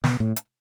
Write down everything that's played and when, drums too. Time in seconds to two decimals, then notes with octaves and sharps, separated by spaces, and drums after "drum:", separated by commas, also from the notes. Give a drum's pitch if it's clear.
0.04 B2, drum: snare
0.20 A2
0.36 drum: hi-hat